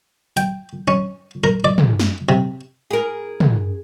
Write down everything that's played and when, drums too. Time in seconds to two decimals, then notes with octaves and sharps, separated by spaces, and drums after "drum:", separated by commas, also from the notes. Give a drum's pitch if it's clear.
0.37 G5, drum: hi-hat
0.88 C#4
1.44 A#4
1.64 D5
1.78 drum: tom
1.99 drum: snare
2.29 C3
2.91 G#4 A#4
3.40 drum: tom